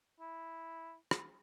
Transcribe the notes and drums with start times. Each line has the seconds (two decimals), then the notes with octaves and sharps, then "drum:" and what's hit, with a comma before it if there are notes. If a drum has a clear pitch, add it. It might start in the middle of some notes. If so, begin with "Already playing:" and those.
0.20 E4
1.11 drum: rim click